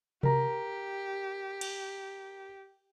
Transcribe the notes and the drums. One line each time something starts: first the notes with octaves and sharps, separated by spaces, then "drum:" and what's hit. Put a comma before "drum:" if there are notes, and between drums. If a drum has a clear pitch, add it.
G4 A#4 A#5, drum: tom C3
drum: cymbal